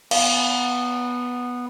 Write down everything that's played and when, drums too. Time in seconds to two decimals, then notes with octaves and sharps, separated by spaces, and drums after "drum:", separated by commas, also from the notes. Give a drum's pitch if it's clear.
0.11 B3 F5, drum: cymbal